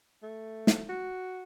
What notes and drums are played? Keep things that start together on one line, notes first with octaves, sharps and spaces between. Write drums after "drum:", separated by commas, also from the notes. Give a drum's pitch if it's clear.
A3
drum: snare
F#4